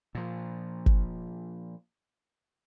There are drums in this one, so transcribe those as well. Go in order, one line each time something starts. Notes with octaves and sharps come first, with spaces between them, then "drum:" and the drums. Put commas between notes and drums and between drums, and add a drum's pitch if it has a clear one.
A#2 F3
drum: kick